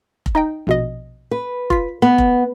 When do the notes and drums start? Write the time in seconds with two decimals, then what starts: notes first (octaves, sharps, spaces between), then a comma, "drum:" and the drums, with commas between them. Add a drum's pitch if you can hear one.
0.26 drum: kick F1
0.35 D#4 D#5 G5
0.67 A#1 B2 D#5
1.31 B4
1.70 F4 B6, drum: kick F1
2.02 B3 B5
2.18 drum: kick F1